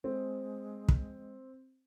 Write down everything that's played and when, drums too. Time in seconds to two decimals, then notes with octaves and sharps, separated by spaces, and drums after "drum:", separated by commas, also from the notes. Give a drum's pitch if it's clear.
0.04 G#3 C4
0.89 drum: kick